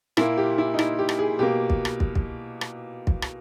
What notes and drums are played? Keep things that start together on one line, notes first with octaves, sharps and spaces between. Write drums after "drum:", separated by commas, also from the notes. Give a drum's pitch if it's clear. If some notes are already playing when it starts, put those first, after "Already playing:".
A#2 A#3 E4, drum: rim click
G4
E4
D#4
E4, drum: rim click
G4
drum: rim click
G#4
B2 A#3 G4
drum: kick
drum: rim click
drum: kick
drum: kick
drum: rim click
drum: kick
drum: rim click